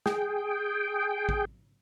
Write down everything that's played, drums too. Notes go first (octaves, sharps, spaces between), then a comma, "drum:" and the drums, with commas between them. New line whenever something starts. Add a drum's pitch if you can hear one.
G#4 G5, drum: snare
drum: kick